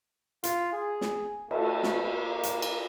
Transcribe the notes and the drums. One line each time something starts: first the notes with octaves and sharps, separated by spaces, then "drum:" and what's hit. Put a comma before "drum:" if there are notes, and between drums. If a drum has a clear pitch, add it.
F4, drum: hi-hat
G#4
drum: snare
A3, drum: cymbal
drum: snare
A#3
drum: hi-hat
drum: cymbal